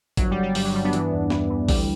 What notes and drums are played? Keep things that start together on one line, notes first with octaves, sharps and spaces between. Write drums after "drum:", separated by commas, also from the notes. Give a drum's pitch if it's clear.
G1 F#3, drum: kick A1, hi-hat
G3
G1
G3
G2 G3, drum: open hi-hat
F#3
G2 G3
B3 D4
E3, drum: hi-hat
E2
E3, drum: snare
E3
D2 G3, drum: kick A1, open hi-hat